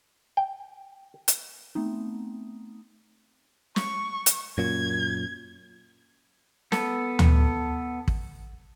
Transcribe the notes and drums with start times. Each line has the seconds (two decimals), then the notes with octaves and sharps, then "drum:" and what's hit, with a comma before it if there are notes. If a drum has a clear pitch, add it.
0.37 G5
1.28 drum: hi-hat
1.75 A3 B3 C4 D#4
3.76 C#6, drum: snare
4.26 drum: hi-hat
4.58 F#2 A#2 G#6
6.72 B3 A4, drum: snare
7.19 drum: tom D2
8.08 drum: kick